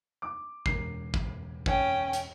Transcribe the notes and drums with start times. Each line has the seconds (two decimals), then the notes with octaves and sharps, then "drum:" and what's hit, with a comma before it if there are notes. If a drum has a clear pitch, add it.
0.22 D6
0.66 E1 A#4 C7, drum: kick
1.14 drum: kick
1.66 C#4 G5, drum: kick
2.13 drum: hi-hat